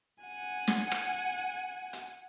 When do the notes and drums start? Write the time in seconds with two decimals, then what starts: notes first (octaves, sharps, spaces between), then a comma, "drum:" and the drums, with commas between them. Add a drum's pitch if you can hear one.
0.24 F#5 G#5
0.67 drum: snare
0.92 drum: rim click
1.93 drum: hi-hat